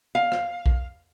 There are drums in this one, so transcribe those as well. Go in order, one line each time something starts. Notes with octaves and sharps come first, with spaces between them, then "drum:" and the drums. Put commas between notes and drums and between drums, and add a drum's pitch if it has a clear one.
F5
drum: rim click
drum: kick